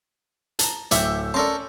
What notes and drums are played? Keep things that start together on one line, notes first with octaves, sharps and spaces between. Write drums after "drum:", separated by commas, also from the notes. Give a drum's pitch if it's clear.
A5 A#5, drum: hi-hat
D1 C#5 E5 G5 D6 E6 G6, drum: hi-hat
C#4 A4 A#4 D5 A5 C6 C#6